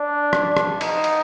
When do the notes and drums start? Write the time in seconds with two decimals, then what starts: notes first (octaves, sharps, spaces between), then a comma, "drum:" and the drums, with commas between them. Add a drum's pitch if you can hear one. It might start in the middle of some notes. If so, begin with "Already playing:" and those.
Already playing: D4
0.33 drum: rim click
0.57 drum: rim click
0.81 D#4, drum: cymbal
1.04 drum: cymbal